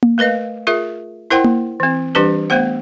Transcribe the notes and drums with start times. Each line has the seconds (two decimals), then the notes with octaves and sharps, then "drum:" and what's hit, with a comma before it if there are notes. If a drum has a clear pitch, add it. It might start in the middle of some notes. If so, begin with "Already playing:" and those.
0.03 drum: tom A#3
0.18 A3 A#4 B4 D#5 F5
0.67 F4 G#4 A#4 E5
1.30 E4 A#4 C5 F#5 G5 C6
1.44 drum: tom A#3
1.80 E3 C4
2.15 E3 G3 D4 G4 B4
2.50 A3 B3 C5 F#5